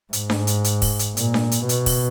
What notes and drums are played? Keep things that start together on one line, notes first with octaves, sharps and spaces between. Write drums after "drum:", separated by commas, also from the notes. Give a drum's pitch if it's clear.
G#2, drum: hi-hat
drum: snare D4
drum: hi-hat
drum: hi-hat
drum: kick, open hi-hat
drum: hi-hat
A#2, drum: hi-hat
drum: snare D4
drum: hi-hat
B2, drum: hi-hat
drum: kick, open hi-hat